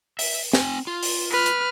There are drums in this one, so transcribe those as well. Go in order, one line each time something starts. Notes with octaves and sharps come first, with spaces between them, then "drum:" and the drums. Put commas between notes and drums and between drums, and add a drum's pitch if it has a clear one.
E5, drum: open hi-hat
C4 G#5, drum: snare
F4
drum: open hi-hat
B4 F6
drum: hi-hat